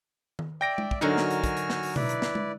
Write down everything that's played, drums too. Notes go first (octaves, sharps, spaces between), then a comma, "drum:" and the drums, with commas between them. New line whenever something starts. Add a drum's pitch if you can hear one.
drum: tom D#3
D5 E5 G5 A#6 D7
drum: tom G#3
drum: kick
D3 F#3 D#4 F#4 A#4 F#5 G#5 F6
drum: snare
drum: hi-hat
drum: kick, hi-hat
drum: hi-hat
drum: snare
drum: open hi-hat
E4 B4 D5, drum: tom B2
drum: hi-hat
drum: snare
drum: tom G#3